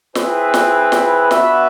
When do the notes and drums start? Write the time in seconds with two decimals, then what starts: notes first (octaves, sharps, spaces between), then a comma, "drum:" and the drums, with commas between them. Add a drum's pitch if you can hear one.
0.15 C4 E4 G#4 B4, drum: snare
0.54 drum: snare
0.92 drum: snare
1.31 B3 D4 F#4 B4 E5, drum: snare